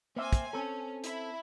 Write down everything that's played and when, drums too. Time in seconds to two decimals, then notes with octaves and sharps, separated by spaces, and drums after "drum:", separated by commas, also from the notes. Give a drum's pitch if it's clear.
0.16 A#3 C4 E5 G#5
0.33 drum: kick, hi-hat
0.53 C4 C#4 A4
1.04 E4, drum: hi-hat